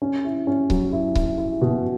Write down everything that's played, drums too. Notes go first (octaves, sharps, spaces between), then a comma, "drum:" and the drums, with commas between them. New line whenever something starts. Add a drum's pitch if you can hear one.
C#4
E4
C#4
F#3, drum: kick C#1
E4
E4, drum: kick C#1
E4
B2